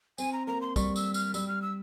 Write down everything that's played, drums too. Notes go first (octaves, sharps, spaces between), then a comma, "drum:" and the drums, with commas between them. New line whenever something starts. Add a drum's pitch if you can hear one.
C4 G#5, drum: tambourine
A#5
A#3 A#5
C6
G3 C#6, drum: kick, tambourine
E6, drum: tambourine
F6, drum: tambourine
G3 E6, drum: tambourine
F6
E6